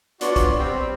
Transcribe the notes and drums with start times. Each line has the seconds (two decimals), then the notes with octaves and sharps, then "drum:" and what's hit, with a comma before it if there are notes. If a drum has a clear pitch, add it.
0.21 B3 D4 F4 F#4 C#5 D5, drum: hi-hat
0.36 drum: kick, hi-hat
0.58 G3 C4